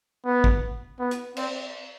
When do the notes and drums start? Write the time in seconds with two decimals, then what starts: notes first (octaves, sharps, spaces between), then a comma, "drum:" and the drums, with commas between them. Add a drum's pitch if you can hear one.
0.25 B3
0.44 drum: kick
0.99 B3
1.11 drum: hi-hat
1.37 C4, drum: cymbal